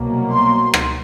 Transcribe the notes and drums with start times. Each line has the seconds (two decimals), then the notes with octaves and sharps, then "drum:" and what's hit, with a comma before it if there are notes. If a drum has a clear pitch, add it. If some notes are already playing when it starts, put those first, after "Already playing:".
Already playing: C2 B2 F#3 A#3
0.33 C6
0.74 drum: rim click